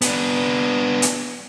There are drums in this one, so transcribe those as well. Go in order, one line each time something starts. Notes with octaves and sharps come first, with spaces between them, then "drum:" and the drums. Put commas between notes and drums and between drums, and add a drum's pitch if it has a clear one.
B3 D4, drum: hi-hat
drum: hi-hat